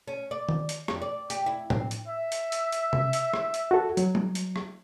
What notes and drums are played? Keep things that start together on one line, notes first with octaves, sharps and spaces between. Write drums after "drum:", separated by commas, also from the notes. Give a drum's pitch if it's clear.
C#4
D5
drum: tom D#3
drum: hi-hat
F2, drum: rim click
D5
G4, drum: hi-hat
E4
C4, drum: tom A2
drum: hi-hat
E5
drum: hi-hat
drum: hi-hat
drum: hi-hat
drum: tom C3
drum: hi-hat
drum: rim click
drum: hi-hat
F#4 A4
F#3, drum: hi-hat
drum: tom
drum: hi-hat
drum: rim click